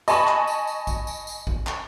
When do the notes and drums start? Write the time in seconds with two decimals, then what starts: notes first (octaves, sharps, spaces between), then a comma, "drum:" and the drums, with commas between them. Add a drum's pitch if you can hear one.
0.08 D#5 G#5 A5 B5 C#6, drum: tambourine
0.28 drum: clap
0.47 drum: tambourine
0.67 drum: tambourine
0.87 drum: kick A1, tambourine
1.07 drum: tambourine
1.27 drum: tambourine
1.47 drum: kick A1
1.67 drum: clap